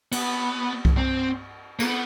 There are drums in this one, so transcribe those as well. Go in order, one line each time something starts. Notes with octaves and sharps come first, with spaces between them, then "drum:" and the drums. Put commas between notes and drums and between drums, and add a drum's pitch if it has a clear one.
B3, drum: cymbal
drum: kick C2
C4
A#3, drum: cymbal
B3